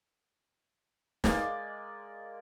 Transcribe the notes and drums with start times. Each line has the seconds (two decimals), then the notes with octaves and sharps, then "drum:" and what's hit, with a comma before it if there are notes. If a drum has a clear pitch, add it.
1.24 G#3 A#3 D5 D#5, drum: snare